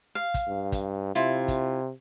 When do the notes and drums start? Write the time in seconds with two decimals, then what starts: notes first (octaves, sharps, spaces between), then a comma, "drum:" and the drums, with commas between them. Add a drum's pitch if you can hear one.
0.15 F5
0.34 drum: kick, hi-hat
0.48 G2
0.72 drum: kick, hi-hat
1.15 C3 E4 F4
1.48 drum: kick, hi-hat